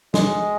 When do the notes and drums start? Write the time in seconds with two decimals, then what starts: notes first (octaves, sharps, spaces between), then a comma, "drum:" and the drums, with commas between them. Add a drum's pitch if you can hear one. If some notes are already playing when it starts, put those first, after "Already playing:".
0.14 G#3, drum: snare